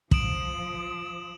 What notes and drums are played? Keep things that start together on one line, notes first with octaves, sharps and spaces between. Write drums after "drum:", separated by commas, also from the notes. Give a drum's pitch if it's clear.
F3 D#6 D7 E7 F#7, drum: kick